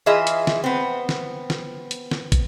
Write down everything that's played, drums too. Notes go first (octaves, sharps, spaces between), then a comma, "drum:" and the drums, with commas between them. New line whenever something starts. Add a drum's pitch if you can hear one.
E3 F4 G#4 D#5 E5
drum: hi-hat
drum: snare
B3 C4
drum: snare
drum: snare
drum: hi-hat
drum: snare
drum: kick, hi-hat